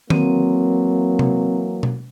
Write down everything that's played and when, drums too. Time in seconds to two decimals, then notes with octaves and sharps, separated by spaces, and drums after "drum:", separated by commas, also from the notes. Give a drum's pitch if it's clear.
0.10 E3 F#3 A#3 C4, drum: tom D#3
1.19 drum: tom C3
1.83 drum: tom B2